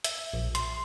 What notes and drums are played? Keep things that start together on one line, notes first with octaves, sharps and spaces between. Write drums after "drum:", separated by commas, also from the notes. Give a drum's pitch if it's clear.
E5, drum: hi-hat
A#1
C6, drum: hi-hat